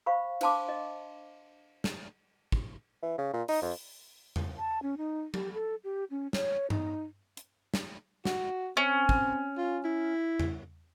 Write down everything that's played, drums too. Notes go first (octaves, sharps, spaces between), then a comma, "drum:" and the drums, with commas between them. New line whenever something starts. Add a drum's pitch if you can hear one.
C5 F5 B5 C#6
D4 C5 F5 A5 C6 D6, drum: cymbal
D#5
drum: snare
drum: kick
E3
C#3
A#2
D#4, drum: open hi-hat
F2
drum: tom E2
A5
C#4
D#4
G4, drum: tom F#3
A4
G4
C#4
C#5, drum: snare
D#4, drum: tom G2
drum: hi-hat
drum: snare
F#4, drum: snare
C4 C#4
drum: kick
F4
E4
drum: tom E2